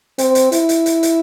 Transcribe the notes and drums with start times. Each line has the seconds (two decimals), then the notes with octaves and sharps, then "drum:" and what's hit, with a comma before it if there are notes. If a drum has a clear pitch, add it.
0.18 C4, drum: hi-hat
0.35 drum: hi-hat
0.52 E4, drum: hi-hat
0.69 drum: hi-hat
0.86 drum: hi-hat
1.03 drum: hi-hat